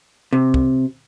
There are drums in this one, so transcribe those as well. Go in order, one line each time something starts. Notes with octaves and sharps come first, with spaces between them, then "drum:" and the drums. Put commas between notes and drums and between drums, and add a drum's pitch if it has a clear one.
C3
drum: kick